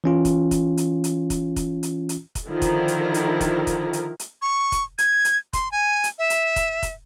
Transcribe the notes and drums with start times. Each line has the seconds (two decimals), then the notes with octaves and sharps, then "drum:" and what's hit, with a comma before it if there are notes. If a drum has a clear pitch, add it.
0.04 E3 C#4 F4
0.25 drum: kick, hi-hat
0.51 drum: kick, hi-hat
0.77 drum: hi-hat
1.04 drum: hi-hat
1.30 drum: kick, hi-hat
1.56 drum: kick, hi-hat
1.83 drum: hi-hat
2.09 drum: hi-hat
2.35 drum: kick, hi-hat
2.47 D3 D#3 F3 E4 A#4
2.62 drum: kick, hi-hat
2.88 drum: hi-hat
3.14 drum: hi-hat
3.41 drum: kick, hi-hat
3.67 drum: kick, hi-hat
3.93 drum: hi-hat
4.19 drum: hi-hat
4.42 C#6
4.72 drum: kick, hi-hat
4.98 G#6, drum: hi-hat
5.25 drum: hi-hat
5.53 C6, drum: kick, hi-hat
5.72 G#5
6.04 drum: hi-hat
6.18 E5
6.30 drum: hi-hat
6.56 drum: kick, hi-hat
6.83 drum: kick, hi-hat